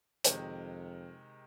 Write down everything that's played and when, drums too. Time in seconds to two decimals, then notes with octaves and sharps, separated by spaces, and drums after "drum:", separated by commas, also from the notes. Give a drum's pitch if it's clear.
0.24 F2 C3 D#3 G#3, drum: hi-hat